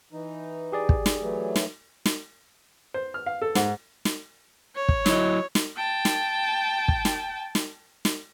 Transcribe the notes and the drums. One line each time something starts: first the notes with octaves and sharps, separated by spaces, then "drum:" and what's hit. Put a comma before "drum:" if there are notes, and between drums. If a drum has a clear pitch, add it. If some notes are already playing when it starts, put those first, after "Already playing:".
E3 D#4
G4 G#4 D5
drum: kick
drum: snare
E3 F#3 A3
drum: snare
drum: snare
C5
F6
F5
A4
G#2, drum: snare
drum: snare
C#5
drum: kick
F#3 E4 D#5, drum: snare
drum: snare
G5 A5
drum: snare
drum: kick
drum: snare
drum: snare
drum: snare